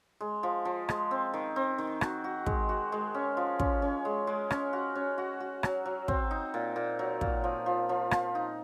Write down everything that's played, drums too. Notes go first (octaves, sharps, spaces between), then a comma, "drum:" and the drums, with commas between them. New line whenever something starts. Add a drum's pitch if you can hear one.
G#3
F3
F3
G#3, drum: rim click
C4
D#3
C4
D#3
F#4, drum: rim click
F#4
G#3, drum: kick
F#4
G#3
C#4
F3
C#4, drum: kick
C#4
G#3
G#3
C#4, drum: rim click
F#4
C#4
F#4
F#4
F#3, drum: rim click
F#3
C4, drum: kick
D#4
A#2
A#2
F#3
A#2, drum: kick
F3
F3
F3
F3, drum: rim click
D#4